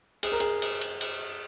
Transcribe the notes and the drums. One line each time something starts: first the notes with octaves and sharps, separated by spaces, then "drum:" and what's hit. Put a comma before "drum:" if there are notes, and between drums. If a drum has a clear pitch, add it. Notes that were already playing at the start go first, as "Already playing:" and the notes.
G#4, drum: cymbal
A#4
G#4, drum: cymbal
drum: cymbal
drum: cymbal
drum: cymbal